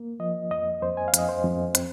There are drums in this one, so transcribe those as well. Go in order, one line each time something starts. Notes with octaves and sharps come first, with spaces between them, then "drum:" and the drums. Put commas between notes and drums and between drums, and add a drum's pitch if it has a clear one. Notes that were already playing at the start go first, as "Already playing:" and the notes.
Already playing: A#3
F3 D#5
F2 D#5
F2 C5
G#5
F5
F2 D#5, drum: hi-hat
C5
F2
C4, drum: hi-hat